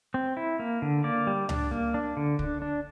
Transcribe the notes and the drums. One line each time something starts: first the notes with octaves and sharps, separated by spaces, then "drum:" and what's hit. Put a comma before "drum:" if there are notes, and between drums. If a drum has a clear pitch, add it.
C4
E4
A#3
D3
A#3 D5
G3
D4, drum: tom C#2
A#3
D4
D3
D4, drum: kick
D4